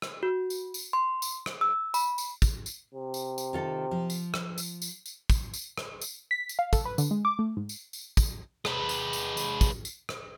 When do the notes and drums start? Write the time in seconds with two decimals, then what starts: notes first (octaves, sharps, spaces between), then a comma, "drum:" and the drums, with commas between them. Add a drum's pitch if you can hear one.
0.02 drum: rim click
0.23 F#4
0.50 drum: tambourine
0.74 drum: tambourine
0.93 C6
1.22 drum: tambourine
1.46 drum: rim click
1.61 E6
1.94 B5, drum: tambourine
2.18 drum: tambourine
2.42 drum: kick, tambourine
2.66 drum: tambourine
2.95 C3
3.14 drum: tambourine
3.38 drum: tambourine
3.53 D#3 F4 A4
3.91 F3
4.10 drum: tambourine
4.34 drum: rim click
4.58 drum: tambourine
4.82 drum: tambourine
5.06 drum: tambourine
5.30 drum: kick, tambourine
5.54 drum: tambourine
5.78 drum: rim click
6.01 drum: tambourine
6.31 B6
6.49 drum: tambourine
6.59 F5
6.73 A4, drum: kick, tambourine
6.85 B4
6.98 D3, drum: tambourine
7.11 G#3
7.25 D6
7.39 A3
7.57 G#2
7.69 drum: tambourine
7.93 drum: tambourine
8.17 drum: kick, tambourine
8.65 G#3 B4, drum: rim click
8.89 drum: tambourine
9.13 drum: tambourine
9.37 drum: tambourine
9.61 drum: kick, tambourine
9.85 drum: tambourine
10.09 drum: rim click